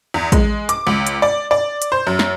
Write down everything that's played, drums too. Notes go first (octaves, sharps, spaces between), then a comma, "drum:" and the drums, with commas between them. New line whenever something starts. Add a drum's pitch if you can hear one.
E2
G#3, drum: kick, hi-hat
D6, drum: hi-hat
C#2
drum: hi-hat
D5
D5
drum: hi-hat
C5
F#2
drum: snare